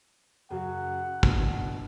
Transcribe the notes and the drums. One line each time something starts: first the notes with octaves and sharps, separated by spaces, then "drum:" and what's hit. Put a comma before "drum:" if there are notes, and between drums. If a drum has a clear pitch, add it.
F#2 C#3 F#3 F#5
G2 B2, drum: kick